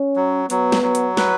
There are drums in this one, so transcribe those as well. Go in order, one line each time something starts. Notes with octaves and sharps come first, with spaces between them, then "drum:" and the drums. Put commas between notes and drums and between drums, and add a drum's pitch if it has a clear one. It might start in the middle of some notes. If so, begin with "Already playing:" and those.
Already playing: C#4
F#3
F#3 B3, drum: hi-hat
drum: snare
F#3
drum: hi-hat
B4, drum: snare